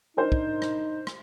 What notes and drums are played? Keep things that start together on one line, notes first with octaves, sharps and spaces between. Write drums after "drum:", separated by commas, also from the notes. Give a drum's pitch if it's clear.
D4 D#4 A#4 C5
drum: kick
drum: rim click
drum: rim click